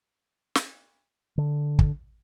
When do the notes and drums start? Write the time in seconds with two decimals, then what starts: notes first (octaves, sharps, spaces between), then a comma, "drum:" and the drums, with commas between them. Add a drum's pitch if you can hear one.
0.55 drum: snare
1.38 D3
1.79 drum: kick